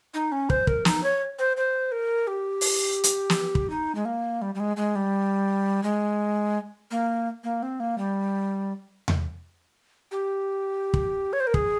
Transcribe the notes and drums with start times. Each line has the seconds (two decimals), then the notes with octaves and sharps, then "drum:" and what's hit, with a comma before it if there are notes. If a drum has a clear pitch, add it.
0.14 D#4
0.32 C#4
0.50 C5, drum: kick
0.67 A#4, drum: kick
0.85 D#4, drum: snare
1.04 C#5
1.39 C5
1.57 C5
1.92 A#4
2.27 G4
2.61 drum: open hi-hat
3.04 drum: hi-hat
3.30 drum: snare
3.55 drum: kick
3.70 D#4
3.95 G#3
4.05 A#3
4.42 G3
4.55 G3
4.60 G#3
4.77 G#3
4.95 G3
5.83 G#3
6.91 A#3
7.44 A#3
7.63 C4
7.80 A#3
7.98 G3
9.08 drum: tom E2
10.12 G4
10.94 drum: kick
11.33 C#5
11.40 C5
11.47 A#4
11.54 G#4, drum: kick